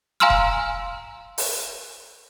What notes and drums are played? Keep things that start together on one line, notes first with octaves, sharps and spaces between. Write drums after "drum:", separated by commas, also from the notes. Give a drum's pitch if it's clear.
F5 G#5 A#5 C6 E6 F6
drum: kick E1
drum: open hi-hat